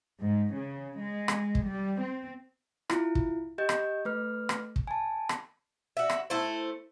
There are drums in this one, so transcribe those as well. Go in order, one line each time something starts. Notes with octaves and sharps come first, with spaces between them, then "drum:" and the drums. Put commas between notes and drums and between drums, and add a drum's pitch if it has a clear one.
G#2
C#3
G#3
drum: rim click
drum: kick
G3
C4
E4 F4, drum: rim click
drum: kick
G4 D#5 G6
drum: rim click
A3 B4 F6
drum: rim click
drum: kick
G#5 A5
drum: rim click
F#4 E5
drum: rim click
A3 E4 C5